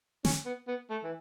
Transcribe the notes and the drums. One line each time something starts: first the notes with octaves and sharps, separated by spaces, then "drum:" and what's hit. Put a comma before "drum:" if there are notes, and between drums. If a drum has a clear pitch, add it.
C#4, drum: snare
B3
B3
A3
E3